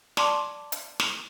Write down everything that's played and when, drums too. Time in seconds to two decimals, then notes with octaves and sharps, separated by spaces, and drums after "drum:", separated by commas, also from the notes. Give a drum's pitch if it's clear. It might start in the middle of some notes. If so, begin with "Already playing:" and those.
0.17 D5 A5 C6 D6, drum: snare
0.72 drum: hi-hat
1.00 drum: snare